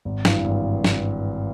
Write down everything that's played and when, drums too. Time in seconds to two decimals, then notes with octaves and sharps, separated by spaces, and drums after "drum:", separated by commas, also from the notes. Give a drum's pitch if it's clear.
0.05 G#1
0.25 G2 E3, drum: snare
0.44 G#1
0.84 drum: snare